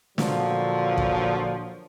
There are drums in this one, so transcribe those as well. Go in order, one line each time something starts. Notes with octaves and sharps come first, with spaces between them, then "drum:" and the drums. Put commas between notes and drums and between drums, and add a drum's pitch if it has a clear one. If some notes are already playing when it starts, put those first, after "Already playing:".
A#2 D3 F3 F#3, drum: snare
drum: kick